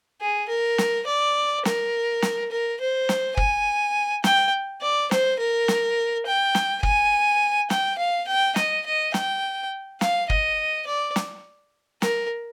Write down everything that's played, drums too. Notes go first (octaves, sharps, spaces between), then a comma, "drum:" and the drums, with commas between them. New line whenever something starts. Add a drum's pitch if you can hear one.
G#4
A#4
drum: snare
D5
A#4, drum: snare
drum: snare
A#4
C5
drum: snare
G#5, drum: kick
G5, drum: snare
D5
C5, drum: snare
A#4
drum: snare
G5
drum: snare
G#5, drum: kick
G5, drum: snare
F5
G5
D#5, drum: snare
D#5
G5, drum: snare
F5, drum: snare
D#5, drum: kick
D5
drum: snare
A#4, drum: snare